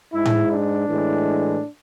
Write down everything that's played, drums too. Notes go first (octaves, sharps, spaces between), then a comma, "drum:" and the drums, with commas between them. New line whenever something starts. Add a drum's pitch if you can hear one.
G#2 G#3 E4
drum: tom A2
D4
A2 E3 G#3